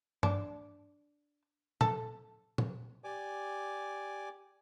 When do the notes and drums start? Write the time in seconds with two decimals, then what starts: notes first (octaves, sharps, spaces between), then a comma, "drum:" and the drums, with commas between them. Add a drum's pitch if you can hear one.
0.23 D4, drum: tom G2
1.81 A4, drum: tom
2.58 drum: tom
3.04 G4 D5 G#5 D6